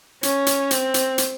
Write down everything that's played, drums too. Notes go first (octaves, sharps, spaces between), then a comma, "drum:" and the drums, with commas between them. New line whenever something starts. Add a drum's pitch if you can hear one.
C#4, drum: hi-hat
drum: hi-hat
C4, drum: hi-hat
drum: hi-hat
drum: hi-hat